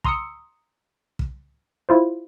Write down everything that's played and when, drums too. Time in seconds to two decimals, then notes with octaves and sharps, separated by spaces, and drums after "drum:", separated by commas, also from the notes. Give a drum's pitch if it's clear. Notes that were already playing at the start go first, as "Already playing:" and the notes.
0.04 A#5 C6 D#6 E6 C#7, drum: kick
1.19 drum: kick
1.89 E4 F4 C5